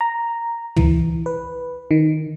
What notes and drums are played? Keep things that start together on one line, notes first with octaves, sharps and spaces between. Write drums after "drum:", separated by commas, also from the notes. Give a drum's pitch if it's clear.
A#5
E3, drum: tom
B4
D#3